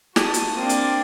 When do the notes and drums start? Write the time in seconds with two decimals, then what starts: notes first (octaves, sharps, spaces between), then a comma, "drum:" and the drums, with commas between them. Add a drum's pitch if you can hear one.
0.16 F#4 A5 D#6, drum: snare
0.34 drum: hi-hat
0.55 A#3 C4 D4
0.69 drum: hi-hat